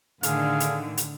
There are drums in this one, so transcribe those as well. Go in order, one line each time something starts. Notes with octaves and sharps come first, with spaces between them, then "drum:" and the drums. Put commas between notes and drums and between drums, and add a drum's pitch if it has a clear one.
A2 D3 D#3 G#4 F5, drum: hi-hat
drum: hi-hat
drum: hi-hat